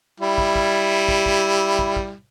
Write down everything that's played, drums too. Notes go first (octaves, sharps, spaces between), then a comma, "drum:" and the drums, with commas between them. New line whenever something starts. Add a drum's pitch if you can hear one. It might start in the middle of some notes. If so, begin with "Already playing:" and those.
G3 E4
drum: kick
drum: kick
drum: kick
drum: kick
drum: kick
drum: kick